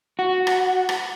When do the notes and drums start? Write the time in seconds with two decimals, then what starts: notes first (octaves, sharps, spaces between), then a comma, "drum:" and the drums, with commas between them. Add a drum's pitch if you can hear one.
0.19 F#4
0.47 drum: rim click
0.89 drum: rim click